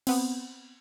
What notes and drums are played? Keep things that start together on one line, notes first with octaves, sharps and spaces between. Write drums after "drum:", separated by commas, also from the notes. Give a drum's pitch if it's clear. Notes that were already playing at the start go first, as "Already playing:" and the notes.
B3 C4, drum: cymbal